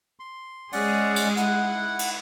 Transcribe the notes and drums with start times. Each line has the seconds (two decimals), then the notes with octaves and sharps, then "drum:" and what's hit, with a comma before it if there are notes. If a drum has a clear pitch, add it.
0.20 C6
0.73 G#3 C#4 G#4 D5 F#5, drum: open hi-hat
1.16 drum: cymbal
1.37 E4 F#5, drum: hi-hat
1.99 drum: cymbal